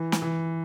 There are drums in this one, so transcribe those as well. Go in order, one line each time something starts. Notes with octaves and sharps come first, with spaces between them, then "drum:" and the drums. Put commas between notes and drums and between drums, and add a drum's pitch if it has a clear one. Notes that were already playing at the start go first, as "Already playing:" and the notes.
Already playing: E3
drum: snare
E3